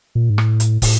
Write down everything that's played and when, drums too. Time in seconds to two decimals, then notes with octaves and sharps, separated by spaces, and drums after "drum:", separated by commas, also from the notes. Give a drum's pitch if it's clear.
0.15 A#2
0.30 G#2
0.38 A2, drum: rim click
0.60 drum: hi-hat
0.82 A2, drum: kick, open hi-hat